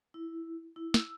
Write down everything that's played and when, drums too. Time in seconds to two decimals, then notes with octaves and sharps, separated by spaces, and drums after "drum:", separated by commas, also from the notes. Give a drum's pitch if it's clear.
0.14 E4
0.76 E4
0.94 E6, drum: snare